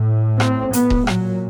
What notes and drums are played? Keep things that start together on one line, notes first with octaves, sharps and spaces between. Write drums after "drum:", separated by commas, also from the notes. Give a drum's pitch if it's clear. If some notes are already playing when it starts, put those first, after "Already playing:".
Already playing: A2
C4, drum: rim click
B3, drum: hi-hat
drum: kick D#1
A#2 F#3, drum: rim click